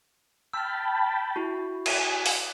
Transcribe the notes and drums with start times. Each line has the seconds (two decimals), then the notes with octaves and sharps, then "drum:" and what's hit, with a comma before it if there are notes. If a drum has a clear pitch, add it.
0.53 G5 A5 B5 E6 F6
1.36 E4 F#4
1.86 G#5, drum: cymbal
2.26 drum: open hi-hat